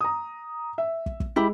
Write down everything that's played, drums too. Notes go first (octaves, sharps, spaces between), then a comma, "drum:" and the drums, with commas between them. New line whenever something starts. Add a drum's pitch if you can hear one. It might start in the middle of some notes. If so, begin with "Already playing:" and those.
A#5 D#6
E5
drum: kick
drum: kick
G#3 E4 G4 B5